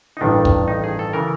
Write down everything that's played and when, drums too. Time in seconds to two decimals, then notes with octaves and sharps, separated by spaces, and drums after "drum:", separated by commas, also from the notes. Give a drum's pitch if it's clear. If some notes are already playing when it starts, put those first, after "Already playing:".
0.17 D#4
0.21 A1 G2 D#3 D4
0.45 drum: kick
0.68 D#4
0.84 G#4
0.99 A4
1.13 C#3 E3 A#4